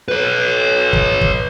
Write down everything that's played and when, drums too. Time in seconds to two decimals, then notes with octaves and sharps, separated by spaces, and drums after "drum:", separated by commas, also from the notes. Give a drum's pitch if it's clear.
0.08 B4 C#5
0.93 drum: kick
1.21 drum: kick